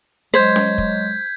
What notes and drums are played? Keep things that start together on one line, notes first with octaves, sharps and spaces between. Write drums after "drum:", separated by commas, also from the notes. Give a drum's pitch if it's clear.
F#3 G#3 C5 G6 G#6 B6
drum: snare C#4
drum: kick